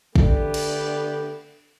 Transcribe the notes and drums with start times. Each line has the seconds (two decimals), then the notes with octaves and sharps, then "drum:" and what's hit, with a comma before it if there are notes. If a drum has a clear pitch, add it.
0.16 D3 A3 B3 G4, drum: kick
0.54 drum: cymbal